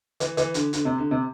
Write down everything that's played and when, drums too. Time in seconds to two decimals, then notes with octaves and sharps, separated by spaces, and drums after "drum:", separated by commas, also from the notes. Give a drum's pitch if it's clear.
0.20 E3, drum: hi-hat
0.37 E3, drum: hi-hat
0.54 D3, drum: hi-hat
0.73 D3, drum: hi-hat
0.85 C3
0.98 D3
1.11 C3